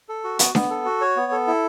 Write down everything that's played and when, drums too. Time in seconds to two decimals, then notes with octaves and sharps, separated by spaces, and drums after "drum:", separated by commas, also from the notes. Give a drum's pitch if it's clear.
0.09 A4
0.24 F#4
0.39 B3, drum: hi-hat
0.55 B3, drum: snare D4
0.70 A4
0.85 F#4
1.01 C#5
1.17 B3
1.32 A4
1.47 E4